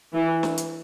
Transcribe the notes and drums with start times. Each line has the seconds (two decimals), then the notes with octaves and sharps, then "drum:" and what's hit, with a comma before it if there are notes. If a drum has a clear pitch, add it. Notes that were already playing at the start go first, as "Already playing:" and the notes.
0.14 E3
0.43 drum: snare
0.58 drum: hi-hat